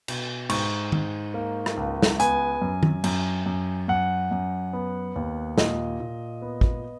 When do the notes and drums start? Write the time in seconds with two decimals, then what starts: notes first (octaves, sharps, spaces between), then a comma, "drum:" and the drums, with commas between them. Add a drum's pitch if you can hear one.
0.08 B2, drum: cymbal
0.50 G#2 C#6, drum: cymbal
0.92 G#2, drum: tom D#3
1.34 A#3
1.66 drum: rim click
1.77 C#2
2.02 drum: snare
2.20 B3 G#5, drum: hi-hat
2.62 F#2
2.83 drum: tom D#3
3.04 F#2, drum: cymbal
3.46 F#2
3.88 F#2 F#5
4.31 F#2
4.73 B3
5.16 D#2
5.58 A#2 D#5, drum: snare
6.00 A#2
6.42 B3
6.61 drum: kick